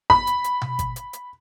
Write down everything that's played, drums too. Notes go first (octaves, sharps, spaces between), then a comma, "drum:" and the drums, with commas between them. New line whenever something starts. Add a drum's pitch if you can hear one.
B5, drum: kick G#1
drum: hi-hat
drum: hi-hat
drum: tom B2
drum: kick G#1, hi-hat
drum: hi-hat
drum: hi-hat